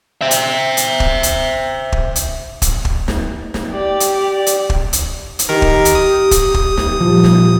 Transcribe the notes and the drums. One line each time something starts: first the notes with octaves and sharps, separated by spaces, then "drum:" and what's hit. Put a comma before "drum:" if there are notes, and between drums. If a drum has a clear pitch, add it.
C5 E5
drum: hi-hat
drum: hi-hat
drum: kick
drum: hi-hat
drum: kick
drum: hi-hat
drum: kick, hi-hat
drum: kick
drum: snare
drum: snare
G4 D5
drum: hi-hat
drum: hi-hat
drum: kick
drum: hi-hat
drum: hi-hat
D#3 G4 A#4
drum: kick
drum: hi-hat
D#6
drum: kick, hi-hat
drum: kick
drum: snare
A#2 F3 G3
drum: snare